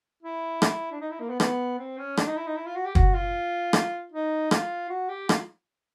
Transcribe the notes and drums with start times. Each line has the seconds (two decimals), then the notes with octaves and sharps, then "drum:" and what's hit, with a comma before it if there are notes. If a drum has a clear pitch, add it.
0.23 E4
0.62 drum: rim click
0.91 D4
1.01 D#4
1.10 E4
1.20 A#3
1.29 B3
1.40 B3, drum: rim click
1.79 C4
1.98 C#4
2.17 D4, drum: rim click
2.27 D#4
2.37 E4
2.46 D#4
2.56 E4
2.66 F4
2.76 F#4
2.85 G4
2.95 F#4, drum: kick
3.14 F4
3.73 drum: rim click
4.12 D#4
4.51 F4, drum: rim click
4.90 F#4
5.09 G4
5.29 F4, drum: rim click